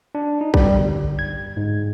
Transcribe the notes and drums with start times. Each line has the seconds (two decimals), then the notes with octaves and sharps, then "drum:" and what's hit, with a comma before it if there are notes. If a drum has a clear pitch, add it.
0.15 D4
0.41 D#4
0.54 G3, drum: kick A#1
0.75 G1
1.19 G#6
1.57 G#2